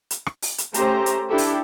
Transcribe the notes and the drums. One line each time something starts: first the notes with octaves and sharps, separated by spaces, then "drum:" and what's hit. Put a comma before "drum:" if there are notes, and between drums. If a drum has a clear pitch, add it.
drum: hi-hat
drum: rim click
drum: open hi-hat
drum: hi-hat
A3 C#4 G4 C5 A#5, drum: hi-hat
drum: hi-hat
D4 E4 G4 A4
drum: open hi-hat